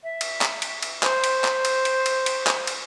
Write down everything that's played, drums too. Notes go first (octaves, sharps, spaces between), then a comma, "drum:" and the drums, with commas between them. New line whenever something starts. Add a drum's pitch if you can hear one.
E5
drum: cymbal
drum: clap
drum: cymbal
drum: cymbal
C5, drum: clap
drum: cymbal
drum: clap
drum: cymbal
drum: cymbal
drum: cymbal
drum: cymbal
drum: clap
drum: cymbal